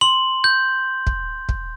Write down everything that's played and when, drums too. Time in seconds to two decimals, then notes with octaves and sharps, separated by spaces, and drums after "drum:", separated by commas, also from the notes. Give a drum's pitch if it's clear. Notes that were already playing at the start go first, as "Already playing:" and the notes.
0.01 C6 F#7
0.44 G6
1.07 drum: kick
1.49 drum: kick